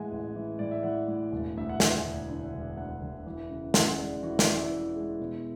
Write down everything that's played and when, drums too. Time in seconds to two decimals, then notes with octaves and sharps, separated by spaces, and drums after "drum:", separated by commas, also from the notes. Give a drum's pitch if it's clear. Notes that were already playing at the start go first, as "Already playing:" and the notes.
Already playing: A2 E3 G#3 F#5 G#5
0.12 A1
0.35 E3
0.59 A2 D5
0.71 E5
0.83 E3 F#5
1.08 A2
1.32 E1
1.57 D2 E5
1.69 F#5
1.80 D3 G#5, drum: snare
2.05 E1
2.29 D3
2.53 E1
2.77 D2 F#5
3.02 E1
3.26 E3
3.50 C#3
3.74 C#3 F#5, drum: snare
3.98 G#3 D5
4.23 E3 F#4
4.39 D4, drum: snare
4.47 E3
4.55 E4
4.72 E3
4.96 G#3
5.20 B2